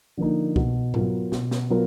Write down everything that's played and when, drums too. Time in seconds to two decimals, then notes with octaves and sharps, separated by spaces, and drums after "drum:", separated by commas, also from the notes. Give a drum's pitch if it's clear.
0.17 D3 F3 A#3 D#4
0.56 B2, drum: kick C2
0.94 F#3 B3 F4 A#4, drum: tom G#2
1.32 B2, drum: snare
1.51 drum: snare
1.70 F#3 B3 F4 A#4